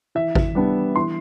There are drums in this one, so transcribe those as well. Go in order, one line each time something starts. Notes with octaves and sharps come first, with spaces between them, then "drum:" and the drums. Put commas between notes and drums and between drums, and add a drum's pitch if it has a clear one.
E3 E5
drum: kick G#1
G3 B3 D4
E3 C6